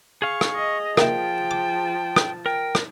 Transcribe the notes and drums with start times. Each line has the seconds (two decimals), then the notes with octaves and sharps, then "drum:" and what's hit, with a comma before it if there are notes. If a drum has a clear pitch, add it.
0.22 G#4 F5 C#6
0.41 drum: rim click
0.54 D#5
0.97 F3 A#3 E4 G5 A5, drum: rim click
1.51 D6
2.16 drum: rim click
2.46 A#4 G5
2.75 drum: rim click